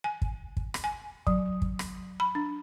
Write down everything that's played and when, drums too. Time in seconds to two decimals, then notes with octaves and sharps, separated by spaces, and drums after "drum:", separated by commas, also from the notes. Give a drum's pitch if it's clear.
0.04 G#5
0.22 drum: kick
0.57 drum: kick
0.74 drum: rim click
0.84 G#5
1.27 F#3, drum: kick
1.62 drum: kick
1.79 drum: rim click
2.20 B5
2.35 D4